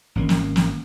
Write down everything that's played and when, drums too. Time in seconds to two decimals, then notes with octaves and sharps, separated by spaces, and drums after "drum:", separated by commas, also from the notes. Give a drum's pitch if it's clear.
0.15 G#1 A#3 C#4
0.29 drum: snare
0.56 drum: snare